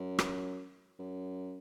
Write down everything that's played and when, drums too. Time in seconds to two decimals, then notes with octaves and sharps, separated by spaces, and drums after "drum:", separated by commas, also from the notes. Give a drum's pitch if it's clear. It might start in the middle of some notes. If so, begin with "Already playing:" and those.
Already playing: F#2
0.19 drum: rim click
0.99 F#2